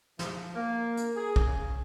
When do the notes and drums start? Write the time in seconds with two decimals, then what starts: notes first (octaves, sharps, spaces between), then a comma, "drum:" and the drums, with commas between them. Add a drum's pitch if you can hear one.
0.19 F3, drum: snare
0.55 A#3
0.97 drum: hi-hat
1.16 G#4
1.36 drum: kick
1.47 C#3